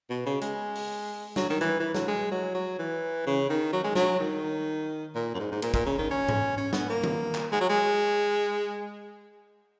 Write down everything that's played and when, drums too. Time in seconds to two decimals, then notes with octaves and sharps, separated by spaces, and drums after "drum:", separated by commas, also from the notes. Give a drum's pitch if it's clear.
0.10 B2
0.26 C#3
0.41 G#3, drum: hi-hat
0.75 drum: open hi-hat
1.36 F#3, drum: snare
1.50 D#3
1.61 E3, drum: hi-hat
1.80 E3
1.94 F#3, drum: snare
2.08 G#3
2.31 F#3
2.54 F#3
2.79 E3
3.26 C#3
3.49 D#3
3.73 F#3
3.84 G#3
3.95 F#3, drum: snare
4.20 D#3
5.15 A#2
5.34 F#2
5.39 G#2
5.51 G#2
5.62 A#2, drum: cymbal
5.74 A#2, drum: kick
5.86 C#3
5.98 D#3
6.10 C#4
6.29 drum: tom G#2
6.57 C#4
6.73 B3, drum: snare
6.89 A#3
7.04 drum: tom D#3
7.35 drum: clap
7.52 G#3
7.61 F#3
7.69 G#3